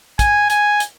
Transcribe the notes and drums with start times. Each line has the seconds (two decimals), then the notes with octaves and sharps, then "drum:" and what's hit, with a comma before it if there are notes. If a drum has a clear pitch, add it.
0.19 G#5, drum: kick, hi-hat
0.50 G#5, drum: hi-hat
0.80 drum: hi-hat